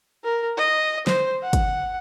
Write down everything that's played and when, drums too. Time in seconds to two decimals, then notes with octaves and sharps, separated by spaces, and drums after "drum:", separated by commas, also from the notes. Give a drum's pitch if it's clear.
0.24 A#4
0.57 D#5
1.07 C5, drum: snare
1.43 F#5
1.53 drum: kick, hi-hat